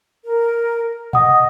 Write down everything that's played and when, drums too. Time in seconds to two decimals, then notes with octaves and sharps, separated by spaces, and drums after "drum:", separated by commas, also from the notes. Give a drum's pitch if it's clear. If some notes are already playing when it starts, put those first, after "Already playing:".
0.25 A#4
1.13 D#5 F#5 D#6, drum: tom A#2